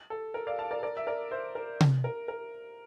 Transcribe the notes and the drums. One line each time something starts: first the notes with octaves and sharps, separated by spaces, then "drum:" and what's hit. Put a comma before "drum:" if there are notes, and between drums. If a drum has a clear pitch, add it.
A4
A#4
D5 F5
F5 A5
A#4 D5
A#4 D5
E5
A#4 D5
C5 E5
A#4
drum: tom C3
A#4
A#4